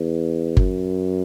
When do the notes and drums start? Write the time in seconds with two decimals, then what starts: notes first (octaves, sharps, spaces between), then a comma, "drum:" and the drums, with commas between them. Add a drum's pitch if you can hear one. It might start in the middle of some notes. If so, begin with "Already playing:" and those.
Already playing: E2
0.57 F#2, drum: kick G1